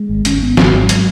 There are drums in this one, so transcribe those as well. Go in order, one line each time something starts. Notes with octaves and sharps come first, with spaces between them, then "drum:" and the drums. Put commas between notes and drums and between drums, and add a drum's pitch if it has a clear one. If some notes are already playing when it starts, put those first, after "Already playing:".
Already playing: G#3
G#1
G#1 C#4, drum: hi-hat
G#2 B3
G#1 F#3, drum: snare
G#2 F#3
drum: hi-hat